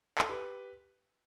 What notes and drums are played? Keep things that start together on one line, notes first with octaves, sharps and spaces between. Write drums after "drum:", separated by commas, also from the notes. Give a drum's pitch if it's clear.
A4, drum: clap
G4 B4